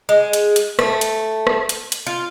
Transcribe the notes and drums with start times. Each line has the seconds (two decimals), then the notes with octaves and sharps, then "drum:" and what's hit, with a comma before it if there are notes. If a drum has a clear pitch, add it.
0.09 G#3
0.33 drum: hi-hat
0.56 drum: hi-hat
0.79 A3, drum: rim click
1.01 drum: hi-hat
1.47 drum: rim click
1.69 drum: hi-hat
1.92 drum: hi-hat
2.07 F4